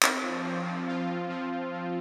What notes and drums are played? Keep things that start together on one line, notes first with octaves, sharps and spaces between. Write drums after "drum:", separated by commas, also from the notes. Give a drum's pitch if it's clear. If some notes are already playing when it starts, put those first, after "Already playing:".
C4, drum: clap
F3
F3
F3
F4
F3
F3
F3
F3